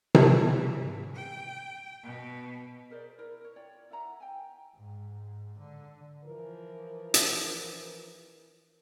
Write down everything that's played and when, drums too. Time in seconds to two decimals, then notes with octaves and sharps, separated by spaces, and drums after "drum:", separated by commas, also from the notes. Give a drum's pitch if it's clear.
0.15 E3, drum: tom C3
0.78 G#2
1.14 G5
2.03 B2
2.90 G#4 A#4 C5 D5
3.18 E4 A#4
3.41 A#4 C#5
3.56 F4 C#5 D5 G5
3.91 E4 E5 F#5 A#5
4.20 G5 G#5
4.76 G#2
5.58 D3
6.25 E3 F3 A#4
7.14 drum: hi-hat